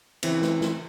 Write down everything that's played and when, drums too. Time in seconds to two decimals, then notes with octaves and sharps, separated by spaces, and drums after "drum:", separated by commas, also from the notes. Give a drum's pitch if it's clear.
0.23 C#3 E3 C4, drum: cymbal
0.42 drum: snare
0.61 drum: snare